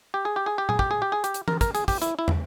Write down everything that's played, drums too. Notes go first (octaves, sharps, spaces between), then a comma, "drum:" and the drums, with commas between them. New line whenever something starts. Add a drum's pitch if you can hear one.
G4
G#4
G4
G#4
G4
G#4, drum: tom A#2
G4, drum: kick
G#4
G4
G#4
G4, drum: hi-hat
drum: hi-hat
A#4, drum: tom E3
A#4, drum: kick, hi-hat
G#4, drum: hi-hat
G4, drum: kick, open hi-hat
E4, drum: hi-hat
E4
drum: tom